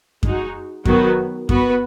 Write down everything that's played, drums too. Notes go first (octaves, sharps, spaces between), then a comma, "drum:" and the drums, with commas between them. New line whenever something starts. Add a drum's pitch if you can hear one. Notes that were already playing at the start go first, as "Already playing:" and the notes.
G#3 D#4 F#4, drum: kick F#2
D#3 F#3 B3 F#4 B4, drum: kick F#2
B3 F#4 B4, drum: kick F#2